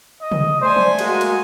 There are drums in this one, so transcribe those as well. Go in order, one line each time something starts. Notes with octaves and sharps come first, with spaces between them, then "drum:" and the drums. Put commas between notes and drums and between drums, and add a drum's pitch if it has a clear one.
D#5
drum: tom
A3 C5 D5 G#5
drum: tom
G#3 A#3 F#4, drum: cymbal
drum: cymbal